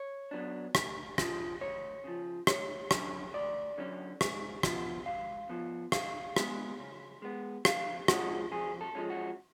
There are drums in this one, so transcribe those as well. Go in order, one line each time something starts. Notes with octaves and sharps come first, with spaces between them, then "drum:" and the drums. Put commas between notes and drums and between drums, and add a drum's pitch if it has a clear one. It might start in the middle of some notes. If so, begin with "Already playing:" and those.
Already playing: C#5
F#3 B3 D4
D2, drum: rim click
C#3 F3, drum: rim click
D2 C#5
C#3 F3
D2 C#5, drum: rim click
D3 F#3 C#4, drum: rim click
D2 D5
D3 F#3 C#4
G#2, drum: rim click
F3 B3, drum: rim click
G#2 F5
F3 B3
C#3 F5, drum: rim click
G#3 B3, drum: rim click
C#3
G#3 B3
F2 F5, drum: rim click
F3 G#3 C#4 F#4, drum: rim click
F2 G#4
A4
F3 G#3 C#4
F#4